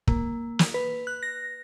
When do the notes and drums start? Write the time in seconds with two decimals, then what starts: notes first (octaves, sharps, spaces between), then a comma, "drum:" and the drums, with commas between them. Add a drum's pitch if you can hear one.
0.08 A#3, drum: kick
0.59 drum: snare
0.74 B4
1.07 F#6
1.23 A#6